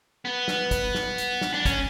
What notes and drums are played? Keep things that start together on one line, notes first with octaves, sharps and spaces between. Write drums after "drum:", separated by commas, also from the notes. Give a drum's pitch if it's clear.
B3
drum: snare
drum: kick, hi-hat
drum: snare
drum: hi-hat
drum: snare
D4
C#4, drum: kick, hi-hat